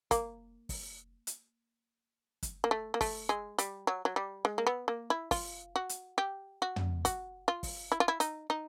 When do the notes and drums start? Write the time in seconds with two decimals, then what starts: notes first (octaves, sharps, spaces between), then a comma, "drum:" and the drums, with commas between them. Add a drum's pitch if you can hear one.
0.11 A#3, drum: kick, hi-hat
0.69 drum: kick, open hi-hat
1.27 drum: hi-hat
2.43 drum: kick, hi-hat
2.64 A#3
2.71 A3
2.94 A#3
3.01 A3, drum: kick, open hi-hat
3.29 G#3
3.59 G3, drum: hi-hat
3.87 F#3
4.05 F#3
4.16 G3
4.45 G#3
4.58 A#3
4.67 B3
4.88 A#3
5.10 E4
5.31 F4, drum: kick, open hi-hat
5.76 F#4
5.89 drum: hi-hat
6.18 G4
6.62 F#4
6.76 drum: tom
7.05 F#4, drum: kick, hi-hat
7.48 F4
7.63 drum: kick, open hi-hat
7.92 E4
8.00 F4
8.08 E4
8.20 D#4, drum: hi-hat
8.50 D#4